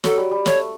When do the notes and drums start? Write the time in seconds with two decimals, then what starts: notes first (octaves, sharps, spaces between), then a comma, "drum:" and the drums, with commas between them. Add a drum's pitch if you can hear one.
0.04 F#3 A4, drum: snare
0.17 G3
0.31 G3
0.46 A3 C#5, drum: snare